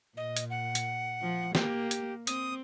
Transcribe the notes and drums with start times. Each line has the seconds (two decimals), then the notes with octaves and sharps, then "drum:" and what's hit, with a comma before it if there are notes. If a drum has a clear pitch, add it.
0.17 A#2 D#5
0.36 drum: hi-hat
0.50 F#5
0.75 drum: hi-hat
1.22 F3
1.55 A#3 G4, drum: snare
1.91 drum: hi-hat
2.27 C4 D#6, drum: hi-hat